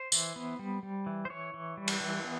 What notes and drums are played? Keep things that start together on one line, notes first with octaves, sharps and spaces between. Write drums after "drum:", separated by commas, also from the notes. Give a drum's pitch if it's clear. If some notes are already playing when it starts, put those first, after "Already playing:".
Already playing: C5
E3, drum: tambourine
B3
G3
G3
E3
C5
E3 C#5
E3
G3
drum: cymbal
E3
B3